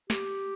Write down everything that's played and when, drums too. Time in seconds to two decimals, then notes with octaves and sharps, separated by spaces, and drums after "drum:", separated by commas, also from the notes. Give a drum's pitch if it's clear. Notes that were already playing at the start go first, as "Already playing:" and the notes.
0.10 G4, drum: snare